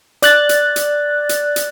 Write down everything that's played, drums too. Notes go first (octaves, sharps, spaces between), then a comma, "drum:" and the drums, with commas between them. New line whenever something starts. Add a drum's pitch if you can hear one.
D5 F#6 A6, drum: hi-hat
drum: hi-hat
drum: hi-hat
drum: hi-hat
drum: hi-hat